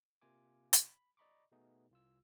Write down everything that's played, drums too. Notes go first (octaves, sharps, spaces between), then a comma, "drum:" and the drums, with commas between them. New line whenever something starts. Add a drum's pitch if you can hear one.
C3 A#3 F4 G#5 D6
drum: hi-hat
B5
D5 D#5 A#5 B5 C#6 D6
B2 A3 B3 D#4 G#4
C2 F4 E6